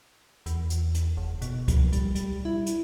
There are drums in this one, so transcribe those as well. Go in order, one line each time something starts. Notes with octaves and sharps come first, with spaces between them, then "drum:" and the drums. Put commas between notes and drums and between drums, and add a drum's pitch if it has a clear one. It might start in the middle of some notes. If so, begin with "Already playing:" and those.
E2, drum: hi-hat
drum: hi-hat
drum: hi-hat
F#1
B2, drum: hi-hat
drum: kick C#2, hi-hat
G3, drum: hi-hat
G3, drum: hi-hat
E4
drum: hi-hat